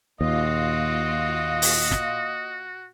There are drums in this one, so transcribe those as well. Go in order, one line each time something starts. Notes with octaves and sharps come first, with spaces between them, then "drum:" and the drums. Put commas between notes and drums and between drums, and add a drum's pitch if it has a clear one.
D#2 A#2 F4 F#4 D#5
drum: open hi-hat
drum: snare